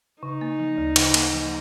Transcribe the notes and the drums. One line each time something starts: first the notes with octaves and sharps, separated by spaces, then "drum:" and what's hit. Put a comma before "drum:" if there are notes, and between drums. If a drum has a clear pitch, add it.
C#3 D#4
A#3
F3
D2
C#3, drum: cymbal
A#3, drum: cymbal
F3